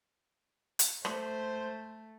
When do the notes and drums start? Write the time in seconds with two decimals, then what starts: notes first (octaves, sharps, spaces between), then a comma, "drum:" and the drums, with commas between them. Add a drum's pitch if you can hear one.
0.79 drum: hi-hat
1.05 A3 C5, drum: rim click